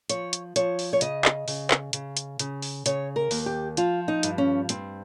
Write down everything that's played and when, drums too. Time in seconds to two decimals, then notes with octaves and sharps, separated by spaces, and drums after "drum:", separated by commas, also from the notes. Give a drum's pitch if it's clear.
0.09 F3 C#5, drum: hi-hat
0.33 drum: hi-hat
0.56 F3 C#5, drum: hi-hat
0.79 drum: open hi-hat
0.93 C#5
1.01 C#3 D#5, drum: hi-hat
1.25 drum: clap
1.48 C#3, drum: open hi-hat
1.71 drum: clap
1.93 C#3, drum: hi-hat
2.17 drum: hi-hat
2.39 C#3, drum: hi-hat
2.62 drum: open hi-hat
2.86 C#3 C#5, drum: hi-hat
3.16 A#4
3.31 D#2, drum: open hi-hat
3.46 G4
3.77 F3 F4, drum: hi-hat
4.08 D#4
4.23 G2, drum: hi-hat
4.38 C#4
4.69 G2 C4, drum: hi-hat